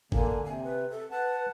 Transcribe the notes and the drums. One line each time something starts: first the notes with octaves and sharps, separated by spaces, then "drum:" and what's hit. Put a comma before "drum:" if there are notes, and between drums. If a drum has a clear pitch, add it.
D3 A#3 G#5, drum: kick G1
C3 G#5
B4
A4
B4 F#5 A5